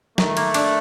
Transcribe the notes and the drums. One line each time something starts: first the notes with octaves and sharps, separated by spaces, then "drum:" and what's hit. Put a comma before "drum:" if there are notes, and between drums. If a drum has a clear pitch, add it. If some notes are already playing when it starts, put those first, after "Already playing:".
D#3 A3, drum: snare
A#3, drum: cymbal
D4, drum: cymbal